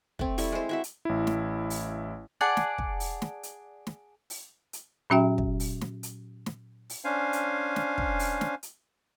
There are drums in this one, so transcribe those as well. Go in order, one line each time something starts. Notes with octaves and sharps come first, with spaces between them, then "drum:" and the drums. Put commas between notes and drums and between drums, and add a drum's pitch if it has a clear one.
A3 C4, drum: kick
G3 A3 E4, drum: open hi-hat
G#3 C5
E4 F#4 E5
drum: hi-hat
A1 E4
drum: snare
drum: open hi-hat
G#4 D5 F#5 A5
drum: snare
drum: kick
drum: open hi-hat
drum: snare
drum: hi-hat
drum: snare
drum: open hi-hat
drum: hi-hat
A#2 F#3 C#4 F#4 E5 G5
drum: kick
drum: open hi-hat
drum: snare
drum: hi-hat
drum: snare
drum: open hi-hat
C#4 D4 C5 F5 G#5
drum: hi-hat
drum: snare
drum: kick
drum: open hi-hat
drum: snare
drum: hi-hat